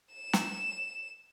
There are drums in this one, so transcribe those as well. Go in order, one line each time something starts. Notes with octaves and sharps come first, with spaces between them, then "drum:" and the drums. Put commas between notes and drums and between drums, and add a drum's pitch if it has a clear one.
E7
drum: snare